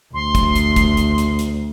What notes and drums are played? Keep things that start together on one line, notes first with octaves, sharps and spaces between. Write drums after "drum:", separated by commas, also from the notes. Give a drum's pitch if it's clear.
D2 C6
drum: kick, hi-hat
drum: hi-hat
drum: kick, hi-hat
drum: hi-hat
drum: hi-hat
drum: hi-hat